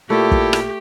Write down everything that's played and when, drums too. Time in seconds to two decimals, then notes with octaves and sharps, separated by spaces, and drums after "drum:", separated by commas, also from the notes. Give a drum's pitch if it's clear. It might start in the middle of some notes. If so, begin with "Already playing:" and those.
0.10 A#2 A3 E4 G4 A4
0.31 drum: kick
0.53 drum: rim click